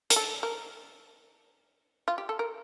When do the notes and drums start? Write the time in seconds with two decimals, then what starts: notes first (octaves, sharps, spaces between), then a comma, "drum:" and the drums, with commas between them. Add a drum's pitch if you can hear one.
0.10 A#4, drum: hi-hat
0.16 A4
0.43 A#4
2.08 F4
2.18 G4
2.29 A4
2.39 A#4